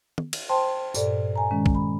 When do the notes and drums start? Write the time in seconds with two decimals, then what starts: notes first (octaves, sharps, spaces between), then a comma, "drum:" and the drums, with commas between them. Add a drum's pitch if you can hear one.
0.18 drum: tom
0.33 drum: cymbal
0.49 C5 G5 A5 C6
0.94 G2 A#2 A4 D5, drum: tambourine
1.36 G#5 A#5
1.51 D#3 G#3 C#4
1.66 drum: kick
1.75 B5